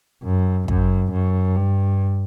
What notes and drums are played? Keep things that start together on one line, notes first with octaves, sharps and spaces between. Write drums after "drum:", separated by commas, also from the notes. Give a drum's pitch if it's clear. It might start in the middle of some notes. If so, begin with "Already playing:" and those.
F#2
F#2, drum: kick
F#2
G2